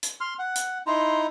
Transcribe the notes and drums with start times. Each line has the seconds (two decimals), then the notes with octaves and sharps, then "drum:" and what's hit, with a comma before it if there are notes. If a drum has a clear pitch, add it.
0.03 drum: hi-hat
0.21 C6 F6
0.39 F#5
0.56 drum: hi-hat
0.87 D#4 E4 A#5 C6